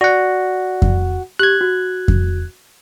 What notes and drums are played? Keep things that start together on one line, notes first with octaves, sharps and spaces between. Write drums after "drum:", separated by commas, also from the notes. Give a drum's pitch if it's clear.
F#4 D5 F#5 A#6
drum: kick F2
G4 F#6 G#6
F#4
drum: kick F2